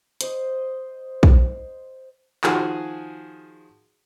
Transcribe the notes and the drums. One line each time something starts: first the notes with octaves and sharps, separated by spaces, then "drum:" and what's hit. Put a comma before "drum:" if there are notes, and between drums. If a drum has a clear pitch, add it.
C5 D#5, drum: hi-hat
drum: kick
D#3 F3 F#4 G#4, drum: clap